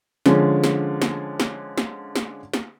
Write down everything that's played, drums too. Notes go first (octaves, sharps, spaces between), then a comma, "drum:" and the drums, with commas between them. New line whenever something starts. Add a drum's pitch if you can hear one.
D3 F3 G#3 C#4, drum: snare
drum: snare
drum: snare
drum: snare
drum: snare
drum: snare
drum: snare